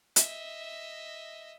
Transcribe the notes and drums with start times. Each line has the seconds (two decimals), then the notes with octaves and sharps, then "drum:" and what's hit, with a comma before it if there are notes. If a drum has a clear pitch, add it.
0.16 D#5 E5, drum: hi-hat